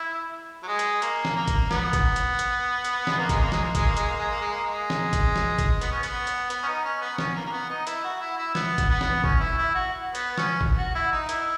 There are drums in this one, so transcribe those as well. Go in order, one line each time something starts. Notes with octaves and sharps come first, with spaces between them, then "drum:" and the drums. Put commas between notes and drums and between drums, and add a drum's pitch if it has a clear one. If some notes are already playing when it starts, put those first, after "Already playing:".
Already playing: E4
F#3
G#3
drum: hi-hat
A#3, drum: hi-hat
drum: snare
A#3
drum: kick A1, hi-hat
B3, drum: snare
drum: kick A1, hi-hat
drum: hi-hat
drum: hi-hat
drum: hi-hat
G#3, drum: snare
A#3
G#3, drum: kick A1, hi-hat
A#3
G#3, drum: snare
A#3
G#3, drum: kick A1, hi-hat
A#3
G#3, drum: hi-hat
A#3
G#3
A#3
G#3
A#3
G#3
drum: snare
drum: kick A1, hi-hat
drum: snare
drum: kick A1, hi-hat
B3, drum: hi-hat
C#4
B3, drum: hi-hat
drum: hi-hat
B3, drum: hi-hat
C#4
D#4
C#4
B3
C#4, drum: snare
A#3
A#3
B3
D#4
E4, drum: hi-hat
F#4
E4
E4
B3, drum: snare
drum: kick A1, hi-hat
B3
drum: snare
C#4, drum: kick A1
E4
E4
F#4
B3, drum: hi-hat
C#4, drum: snare
drum: kick A1
F#4
E4
D#4
E4, drum: hi-hat